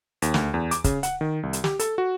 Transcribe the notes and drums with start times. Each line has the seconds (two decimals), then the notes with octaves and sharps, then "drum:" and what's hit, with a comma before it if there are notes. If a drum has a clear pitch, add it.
0.22 D#2, drum: hi-hat
0.34 D2, drum: snare
0.54 E2
0.71 D6, drum: hi-hat
0.84 C#3, drum: kick, hi-hat
1.03 F#5, drum: hi-hat
1.21 D#3
1.43 C2
1.53 drum: hi-hat
1.64 G4, drum: snare
1.79 A4, drum: hi-hat
1.98 F#4